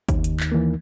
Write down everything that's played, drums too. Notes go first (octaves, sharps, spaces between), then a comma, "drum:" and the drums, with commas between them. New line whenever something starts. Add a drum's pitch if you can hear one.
D#2, drum: kick, hi-hat
drum: hi-hat
drum: clap
E3 A#3